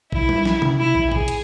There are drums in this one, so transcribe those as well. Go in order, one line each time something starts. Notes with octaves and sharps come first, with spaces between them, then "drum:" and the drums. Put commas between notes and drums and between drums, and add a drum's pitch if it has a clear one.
E4, drum: kick
drum: tom G3
drum: snare
drum: tom C3
E4
drum: kick
G#4, drum: kick
drum: hi-hat